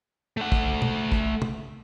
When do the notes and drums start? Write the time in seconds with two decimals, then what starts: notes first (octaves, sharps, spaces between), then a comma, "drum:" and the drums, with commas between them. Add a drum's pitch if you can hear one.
0.37 A3 F#5
0.52 drum: kick
0.82 drum: tom
1.12 drum: kick
1.42 drum: tom